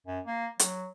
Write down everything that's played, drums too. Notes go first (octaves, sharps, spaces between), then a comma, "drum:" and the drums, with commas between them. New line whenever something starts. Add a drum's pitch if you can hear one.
F#2
A#3
F#3, drum: hi-hat